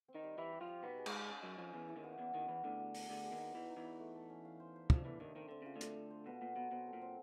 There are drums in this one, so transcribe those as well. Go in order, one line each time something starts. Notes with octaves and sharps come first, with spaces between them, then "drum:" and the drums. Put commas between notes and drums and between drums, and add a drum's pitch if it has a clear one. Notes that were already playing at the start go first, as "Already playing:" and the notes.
C4
D#3 D#4
G3
E3 E4 G4
G4
F3 F4
G4
B2 B3 D#4
G#4
G#2 G#3, drum: cymbal
G#4
C#4
F#2 F#3 C#4
F2 F3 C#4
E2 E3 G#4
E4
D#2 D#3
B3
E2 E3 B3
D#2 D#3 B3
E2 E3 B3
D2 D3 D4
F#4
D4, drum: open hi-hat
D2 D3 G#4
G#4
D#2 D#3
D#4
E2 E3 D#4
D#4
E2 E3
B4
A3
A4
C#4
F5
C5
C5
F2 F3 D4, drum: kick
E2 E3 A3
D#2 D#3 D4
D#3 C4
D3 C4
C#3 F4
D2 D3
A4, drum: hi-hat
A4
C5
B2 B3
A#2 B3
B2 F#3
B2 C4
A4
A#2
C4